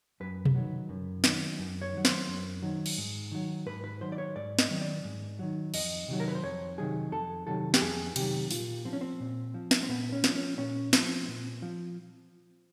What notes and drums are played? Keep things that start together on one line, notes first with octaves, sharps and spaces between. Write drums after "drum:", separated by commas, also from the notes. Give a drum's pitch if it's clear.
F#2 B4
drum: tom B2
D#3 F#3
F#2
D#3 F#3, drum: snare
F#2
C#5
D#3 F#3
C5, drum: snare
F#2
D#3 F#3
drum: cymbal
G#2
D#3 F#3
G#2 B4
B4
D#3 F#3 C5
D5
C#5
G#2 D5
D#5, drum: snare
D#3 F#3
D5
G#2
D#3 F#3
F2 D#5, drum: cymbal
C3 D#3 F#3
A#4
B4
C5
F2 C#5
C3 D#3 F#3 G#4
F2 A4
C3 D#3 F#3 A4
G4, drum: snare
F2 G#4
C3 D#3 F#3 G4, drum: cymbal
A#2 F4, drum: open hi-hat
F3 C4
C#4
C4
A#2
F3
drum: snare
C4
A#2 B3
C#4
F3, drum: snare
C#4
A#2 C#4
F3 C4, drum: snare
A#2
F3